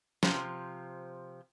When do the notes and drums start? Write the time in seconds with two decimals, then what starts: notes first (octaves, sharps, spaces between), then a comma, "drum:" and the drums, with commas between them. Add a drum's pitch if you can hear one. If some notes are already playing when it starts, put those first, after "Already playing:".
0.23 C3 F3, drum: snare